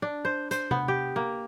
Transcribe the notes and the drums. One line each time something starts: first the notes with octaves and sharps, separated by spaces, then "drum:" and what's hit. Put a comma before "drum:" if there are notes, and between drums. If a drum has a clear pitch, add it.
D4
C5
C5, drum: hi-hat
B3, drum: tom C3
G4
A#3